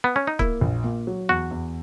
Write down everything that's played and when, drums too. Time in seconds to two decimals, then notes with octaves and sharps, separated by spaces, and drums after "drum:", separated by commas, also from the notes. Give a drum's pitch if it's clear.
0.04 B3
0.16 C#4
0.27 D#4
0.39 A#3 E4, drum: kick
0.61 A#1
0.84 A#2
1.07 F#3
1.29 E2 F#4
1.51 E2